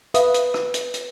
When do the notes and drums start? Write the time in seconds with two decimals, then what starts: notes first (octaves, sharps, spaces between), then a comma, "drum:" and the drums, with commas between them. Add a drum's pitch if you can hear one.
0.14 B4 E5 F5 D#6, drum: hi-hat
0.34 drum: hi-hat
0.54 drum: rim click
0.74 drum: hi-hat
0.94 drum: hi-hat